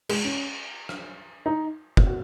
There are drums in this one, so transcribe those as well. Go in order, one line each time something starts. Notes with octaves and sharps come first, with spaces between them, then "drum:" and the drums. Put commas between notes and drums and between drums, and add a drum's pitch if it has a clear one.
G#3, drum: cymbal
C#4
drum: rim click
D#4
drum: kick
F#4